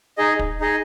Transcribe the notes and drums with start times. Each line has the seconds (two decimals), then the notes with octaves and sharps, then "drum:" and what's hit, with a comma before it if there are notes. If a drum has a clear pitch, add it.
0.18 D#4 G#4 D#5
0.39 drum: kick
0.61 D#4 G#4 D#5